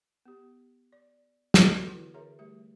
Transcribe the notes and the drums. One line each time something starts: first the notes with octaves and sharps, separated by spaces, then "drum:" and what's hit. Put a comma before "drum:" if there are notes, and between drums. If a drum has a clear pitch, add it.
B3 G4
D5
drum: snare
D3 E3 B3 F#4 A4
D3 E4
D3 G#4 A#4 C#5 E5 A#5
G3 A3 G4 E5